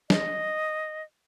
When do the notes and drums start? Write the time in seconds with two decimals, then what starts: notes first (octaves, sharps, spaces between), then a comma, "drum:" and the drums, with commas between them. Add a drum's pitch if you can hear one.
0.10 D#5, drum: snare